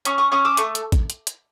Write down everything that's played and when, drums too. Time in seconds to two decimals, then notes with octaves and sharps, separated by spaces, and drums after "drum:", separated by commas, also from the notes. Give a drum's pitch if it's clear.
0.05 C#4 C#6 D#6, drum: hi-hat
0.18 C#6 D#6
0.32 C#4 C#6 D#6
0.45 D6 E6
0.57 A3 C#6 D#6, drum: hi-hat
0.75 drum: hi-hat
0.92 drum: kick A1, hi-hat
1.10 drum: hi-hat
1.27 drum: hi-hat